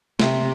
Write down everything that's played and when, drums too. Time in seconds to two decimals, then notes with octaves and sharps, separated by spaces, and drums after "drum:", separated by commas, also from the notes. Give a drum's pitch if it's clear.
0.19 C3, drum: snare